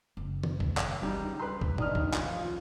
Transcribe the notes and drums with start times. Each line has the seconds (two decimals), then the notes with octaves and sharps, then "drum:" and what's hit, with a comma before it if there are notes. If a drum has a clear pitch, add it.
0.17 F#1
0.43 drum: tom
0.60 drum: kick
0.77 drum: clap
1.02 C#2 G2 E3 G3 D#4
1.40 B4 C6
1.61 drum: kick
1.78 D#2 D4 D#4 D#6 F6, drum: tom
1.95 drum: kick
2.13 A1 F3 F4, drum: clap